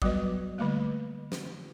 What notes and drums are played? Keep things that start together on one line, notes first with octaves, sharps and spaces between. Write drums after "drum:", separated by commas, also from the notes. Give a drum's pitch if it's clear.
F#3 G3 B3 F#4 B4 D#5, drum: kick G#1
D3 G3 A3 A#3
drum: snare